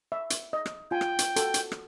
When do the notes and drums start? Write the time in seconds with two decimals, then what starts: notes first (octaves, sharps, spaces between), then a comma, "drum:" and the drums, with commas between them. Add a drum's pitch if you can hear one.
0.12 E5
0.30 drum: hi-hat
0.53 D#5
0.66 drum: rim click
0.91 F4 G5 G#5
1.01 drum: rim click
1.19 drum: hi-hat
1.36 F#4 A4, drum: hi-hat
1.54 drum: hi-hat
1.72 drum: rim click